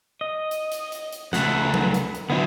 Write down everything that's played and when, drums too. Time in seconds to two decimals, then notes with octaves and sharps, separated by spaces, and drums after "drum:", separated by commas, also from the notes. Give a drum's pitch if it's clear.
0.21 D#5
0.51 drum: hi-hat
0.72 drum: hi-hat
0.92 drum: hi-hat
1.13 drum: hi-hat
1.33 C#2 A3 F#5, drum: snare
1.74 drum: tom F#3
1.94 drum: hi-hat
2.15 drum: hi-hat
2.30 D3 F#3 B3 E4 C5